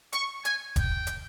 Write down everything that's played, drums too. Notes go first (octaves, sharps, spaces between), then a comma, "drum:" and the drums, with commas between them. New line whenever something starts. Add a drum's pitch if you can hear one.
C#6, drum: hi-hat
G#5, drum: hi-hat
G5, drum: kick E1, hi-hat
drum: hi-hat